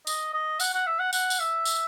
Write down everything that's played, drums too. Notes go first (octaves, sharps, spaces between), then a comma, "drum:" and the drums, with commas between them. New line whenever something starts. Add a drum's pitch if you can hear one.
D#5, drum: tambourine
D#5
F#5, drum: tambourine
F#5
E5
F#5
F#5, drum: tambourine
drum: tambourine
E5
drum: tambourine